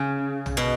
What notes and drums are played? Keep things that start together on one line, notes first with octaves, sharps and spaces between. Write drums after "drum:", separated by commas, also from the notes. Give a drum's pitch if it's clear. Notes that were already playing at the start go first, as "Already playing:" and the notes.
Already playing: C#3
drum: tom A#1
B2